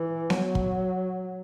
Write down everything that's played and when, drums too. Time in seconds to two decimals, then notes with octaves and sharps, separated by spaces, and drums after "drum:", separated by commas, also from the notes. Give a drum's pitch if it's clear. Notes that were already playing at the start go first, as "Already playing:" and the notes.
Already playing: E3
0.30 F#3, drum: snare B3
0.55 drum: kick